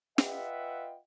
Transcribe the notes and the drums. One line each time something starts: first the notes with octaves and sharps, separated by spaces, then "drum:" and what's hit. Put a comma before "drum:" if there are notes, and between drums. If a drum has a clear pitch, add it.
F4 B4 D#5 E5 F#5 G5, drum: snare